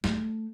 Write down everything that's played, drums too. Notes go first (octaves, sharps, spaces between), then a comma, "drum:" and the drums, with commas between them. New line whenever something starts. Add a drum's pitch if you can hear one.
A3, drum: snare